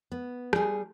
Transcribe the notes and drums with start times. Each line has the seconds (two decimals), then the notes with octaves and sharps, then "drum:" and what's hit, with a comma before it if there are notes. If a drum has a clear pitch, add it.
0.12 B3
0.53 G3 G#4, drum: rim click